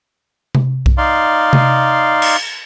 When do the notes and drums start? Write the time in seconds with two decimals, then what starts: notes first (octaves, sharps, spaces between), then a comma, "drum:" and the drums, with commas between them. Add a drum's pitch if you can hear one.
0.55 drum: tom C3
0.86 drum: kick B1
0.98 D#4 D5 F5 C6
1.53 drum: tom C3
2.22 drum: cymbal